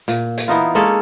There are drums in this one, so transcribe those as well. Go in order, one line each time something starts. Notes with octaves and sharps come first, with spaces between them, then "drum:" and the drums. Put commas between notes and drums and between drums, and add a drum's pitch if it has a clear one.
A#2, drum: hi-hat
drum: hi-hat
E3 B3 D#4 F4
G#3 A#3 C#4 A4